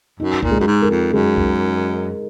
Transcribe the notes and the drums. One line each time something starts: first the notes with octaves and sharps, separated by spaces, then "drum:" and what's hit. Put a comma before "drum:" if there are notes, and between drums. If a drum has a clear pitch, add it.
F#2 D#4
A#2, drum: kick C2
G#3
F#2
G#2
A#4
F2
F#2 G#3
drum: kick C2